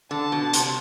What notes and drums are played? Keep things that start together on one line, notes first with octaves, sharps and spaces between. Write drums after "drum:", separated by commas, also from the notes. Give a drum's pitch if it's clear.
D3 A5
B2
C3, drum: hi-hat